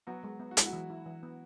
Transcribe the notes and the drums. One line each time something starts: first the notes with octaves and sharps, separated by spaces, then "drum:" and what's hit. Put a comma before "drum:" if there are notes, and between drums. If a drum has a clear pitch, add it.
F#3 B3 F#4
G#3
B3
F#4
G#3 E4, drum: hi-hat
F#3 F#4
E3
E4
E3
B3